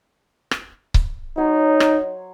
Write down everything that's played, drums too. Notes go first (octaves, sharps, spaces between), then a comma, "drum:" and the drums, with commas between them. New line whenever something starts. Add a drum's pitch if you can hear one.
drum: rim click
drum: kick C#1
F#3 D#4 C#5 C6
drum: rim click